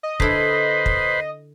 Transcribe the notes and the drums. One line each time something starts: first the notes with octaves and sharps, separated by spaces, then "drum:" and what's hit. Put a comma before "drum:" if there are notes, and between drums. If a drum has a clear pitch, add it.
D#5
D3 E4 B4 C5, drum: kick
drum: kick